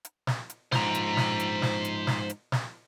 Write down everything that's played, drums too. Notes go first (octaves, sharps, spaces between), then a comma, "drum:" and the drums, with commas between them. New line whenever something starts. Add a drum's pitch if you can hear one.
drum: hi-hat
drum: snare
drum: hi-hat
G#2 F3 C5 A#5, drum: snare
drum: hi-hat
drum: snare
drum: hi-hat
drum: snare
drum: hi-hat
drum: snare
drum: hi-hat
drum: snare